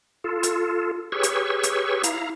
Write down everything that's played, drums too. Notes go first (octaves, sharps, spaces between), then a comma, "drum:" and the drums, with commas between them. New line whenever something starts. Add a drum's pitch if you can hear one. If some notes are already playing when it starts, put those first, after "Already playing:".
F4 A4
drum: hi-hat
G4 G#4 B4 C#5 C#6 E6
drum: hi-hat
drum: hi-hat
E4 F5 A#5, drum: hi-hat